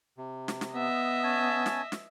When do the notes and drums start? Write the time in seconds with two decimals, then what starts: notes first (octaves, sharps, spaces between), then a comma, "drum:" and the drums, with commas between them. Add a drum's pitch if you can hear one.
0.18 C3
0.48 drum: snare
0.61 drum: snare
0.74 B3 D#5 E5
1.23 C#4 G#5 A5
1.66 drum: snare
1.92 drum: snare